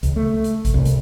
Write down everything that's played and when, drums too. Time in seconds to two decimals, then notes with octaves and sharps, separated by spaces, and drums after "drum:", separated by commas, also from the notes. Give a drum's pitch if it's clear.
0.03 C#2, drum: hi-hat
0.16 A3
0.44 drum: hi-hat
0.65 drum: kick G#1, hi-hat
0.74 C2
0.85 drum: hi-hat